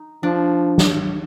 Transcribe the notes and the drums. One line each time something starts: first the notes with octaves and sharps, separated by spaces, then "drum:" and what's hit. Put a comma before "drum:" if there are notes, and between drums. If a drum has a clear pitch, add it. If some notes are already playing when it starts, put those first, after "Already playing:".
Already playing: D#4
F3 D4
drum: snare